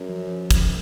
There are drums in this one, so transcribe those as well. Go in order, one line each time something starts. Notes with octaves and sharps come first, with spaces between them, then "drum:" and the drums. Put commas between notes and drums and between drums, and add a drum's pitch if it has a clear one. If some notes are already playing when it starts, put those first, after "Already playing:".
Already playing: F#2
F3
F3
drum: kick, hi-hat